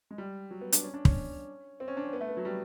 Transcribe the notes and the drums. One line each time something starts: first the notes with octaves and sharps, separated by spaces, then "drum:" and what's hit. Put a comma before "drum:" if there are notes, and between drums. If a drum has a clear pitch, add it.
G#3
G3
F#3
B3
D4, drum: hi-hat
C#4
D4
C#4, drum: kick
C4
C#4
D4
C4
B3
A3
B3
F#3
G3